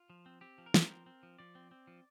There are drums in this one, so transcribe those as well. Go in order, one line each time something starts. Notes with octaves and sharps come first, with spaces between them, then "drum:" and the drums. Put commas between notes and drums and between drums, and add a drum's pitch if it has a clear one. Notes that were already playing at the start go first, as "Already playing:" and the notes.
Already playing: F4
F3
C4
C4 G4
F3
A#4
F3, drum: snare
C4
C4
F3
F3 D5
C4
C4
F3